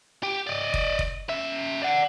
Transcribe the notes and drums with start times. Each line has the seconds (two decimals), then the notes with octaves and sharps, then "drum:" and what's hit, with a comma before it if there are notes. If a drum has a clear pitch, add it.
0.23 G4
0.47 D5 D#5
0.74 drum: kick
0.99 drum: kick
1.30 C#3 E5
1.82 D5 F#5